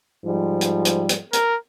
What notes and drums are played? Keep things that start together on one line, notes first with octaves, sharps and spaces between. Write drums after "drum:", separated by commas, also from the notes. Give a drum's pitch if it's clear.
G#2 F3 G3
drum: hi-hat
drum: hi-hat
drum: hi-hat
A#4, drum: hi-hat